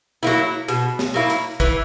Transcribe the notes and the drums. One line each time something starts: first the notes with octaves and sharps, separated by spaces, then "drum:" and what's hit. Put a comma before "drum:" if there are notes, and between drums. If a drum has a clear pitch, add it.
F#3 A#3 E4
B2, drum: hi-hat
drum: snare
F#3 A#3 E4
drum: hi-hat
E3, drum: kick, hi-hat